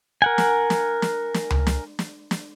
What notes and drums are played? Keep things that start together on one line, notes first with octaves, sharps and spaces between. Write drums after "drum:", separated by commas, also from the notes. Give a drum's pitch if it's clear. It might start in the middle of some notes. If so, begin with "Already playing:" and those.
A#4 F#5 G#5
drum: snare
drum: snare
drum: snare
drum: snare
drum: tom C#2
drum: snare
drum: snare
drum: snare